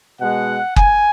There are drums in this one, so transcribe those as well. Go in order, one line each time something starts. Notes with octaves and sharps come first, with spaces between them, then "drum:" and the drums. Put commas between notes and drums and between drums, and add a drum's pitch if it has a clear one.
B2 G#3 F#5
G#5, drum: kick F#1